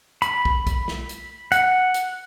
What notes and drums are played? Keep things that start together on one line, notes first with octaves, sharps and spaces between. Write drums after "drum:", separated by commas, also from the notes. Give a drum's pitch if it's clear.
B5, drum: hi-hat
drum: kick
drum: kick, hi-hat
drum: snare
drum: hi-hat
F#5, drum: hi-hat
drum: hi-hat